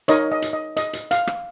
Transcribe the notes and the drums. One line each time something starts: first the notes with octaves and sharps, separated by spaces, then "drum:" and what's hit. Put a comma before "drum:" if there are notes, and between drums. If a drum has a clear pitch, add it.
D#4 A#4 C#5 D#5, drum: hi-hat
D#5
drum: hi-hat
D#5
D#5, drum: hi-hat
drum: hi-hat
F5, drum: hi-hat
drum: rim click